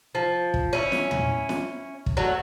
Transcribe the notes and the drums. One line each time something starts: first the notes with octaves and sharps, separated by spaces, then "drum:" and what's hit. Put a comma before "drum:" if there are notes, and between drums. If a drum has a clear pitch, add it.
F3
drum: kick
C#4 E4
drum: snare
drum: tom
drum: snare
drum: kick
F#3 A3